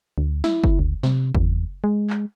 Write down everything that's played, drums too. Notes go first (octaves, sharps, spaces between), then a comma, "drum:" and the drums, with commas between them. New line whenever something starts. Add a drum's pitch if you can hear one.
D2
E4, drum: snare
drum: kick F#1
D2
C3, drum: snare
E2, drum: kick F#1
G#3
drum: clap